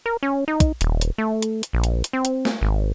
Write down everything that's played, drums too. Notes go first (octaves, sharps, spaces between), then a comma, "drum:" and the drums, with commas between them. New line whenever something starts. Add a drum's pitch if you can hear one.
A#4
C#4
D#4
drum: kick, hi-hat
D#1, drum: hi-hat
drum: hi-hat
A3
drum: hi-hat
drum: hi-hat
A#1
drum: hi-hat
drum: hi-hat
C4
drum: hi-hat
drum: snare
G#1